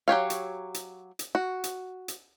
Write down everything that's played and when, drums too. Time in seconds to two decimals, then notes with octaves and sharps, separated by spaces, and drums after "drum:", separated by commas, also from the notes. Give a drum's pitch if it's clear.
0.08 F#3 G4 C#5 F5
0.30 drum: hi-hat
0.74 drum: hi-hat
1.19 drum: hi-hat
1.35 F#4
1.64 drum: hi-hat
2.08 drum: hi-hat